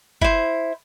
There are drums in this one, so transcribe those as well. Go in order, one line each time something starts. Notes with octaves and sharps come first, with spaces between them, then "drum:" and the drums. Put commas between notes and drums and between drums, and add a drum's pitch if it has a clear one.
E4 C5, drum: kick